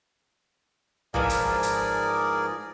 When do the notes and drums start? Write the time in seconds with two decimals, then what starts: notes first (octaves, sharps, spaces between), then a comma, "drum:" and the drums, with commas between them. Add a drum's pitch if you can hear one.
1.14 G#2 E3 F3 G#4 A#4 D5, drum: tom A1
1.29 drum: hi-hat
1.63 drum: hi-hat